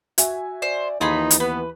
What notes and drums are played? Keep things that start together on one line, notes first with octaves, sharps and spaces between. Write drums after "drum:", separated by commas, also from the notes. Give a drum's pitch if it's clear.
F#4 E5 G#5, drum: hi-hat
C5 D5
D#2 E3 D#4 F4 G#4 B5
drum: hi-hat
B3 B4